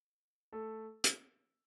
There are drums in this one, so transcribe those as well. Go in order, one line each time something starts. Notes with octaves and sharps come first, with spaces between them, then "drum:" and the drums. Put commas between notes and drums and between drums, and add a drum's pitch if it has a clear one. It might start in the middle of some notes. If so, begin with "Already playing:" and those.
A3 A4
drum: hi-hat